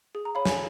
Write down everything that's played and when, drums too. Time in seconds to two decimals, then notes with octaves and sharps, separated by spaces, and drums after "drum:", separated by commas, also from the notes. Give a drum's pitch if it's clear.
0.15 G#4
0.25 A#5
0.35 C#5 F5 B5
0.45 G#5, drum: snare